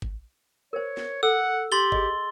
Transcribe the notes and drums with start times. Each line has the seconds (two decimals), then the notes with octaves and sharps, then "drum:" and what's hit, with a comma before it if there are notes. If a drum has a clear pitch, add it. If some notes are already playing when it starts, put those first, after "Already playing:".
0.02 drum: kick
0.73 A#4 C5 C#5
0.97 drum: snare
1.23 A4 F#5 E6
1.72 G4 C6 A6 G7
1.92 G#4 D#5, drum: kick